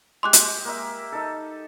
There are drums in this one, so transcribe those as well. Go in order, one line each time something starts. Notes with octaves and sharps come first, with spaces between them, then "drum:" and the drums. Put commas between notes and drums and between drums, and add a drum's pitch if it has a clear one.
G#3 G4 C6 D6 F#6
drum: hi-hat
A#3 E5
D#4 A4